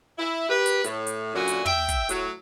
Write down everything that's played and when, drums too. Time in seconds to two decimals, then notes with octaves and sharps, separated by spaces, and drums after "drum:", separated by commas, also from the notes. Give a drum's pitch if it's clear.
0.18 E4
0.49 G4 A#4 B4
0.66 drum: hi-hat
0.84 A2, drum: hi-hat
1.07 drum: hi-hat
1.35 F#2 A#2 D3 F#4 G#5
1.48 drum: hi-hat
1.66 E5 G5, drum: tom
1.89 drum: kick, hi-hat
2.09 A2 F#3, drum: hi-hat